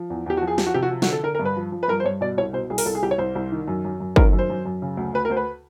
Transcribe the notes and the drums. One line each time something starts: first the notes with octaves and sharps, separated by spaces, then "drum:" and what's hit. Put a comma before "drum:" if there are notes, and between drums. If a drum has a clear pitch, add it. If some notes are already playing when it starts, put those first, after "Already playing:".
Already playing: F3
E2
E2 G4
F#4
F3
G#4
F3 G4, drum: snare
F#4
C3 G4
F#4
F3
F#4, drum: snare
D3
A4
D3 A#4
A#4
G2
B4
F3
F3
B4
G2 A#4
C5
G2 C#5
B2 D5
C2 C#5
B2 C5
C2 G#4
A#4, drum: open hi-hat
C2 A4
G#4
C2 G4
C#5
C2 C5
C2
D#3
F#2
F#2
F#2
D#3 A#4, drum: kick
F#2
C5
F#2
F#2
C#3
D2
D2 B4
A#4
D2 C5
B4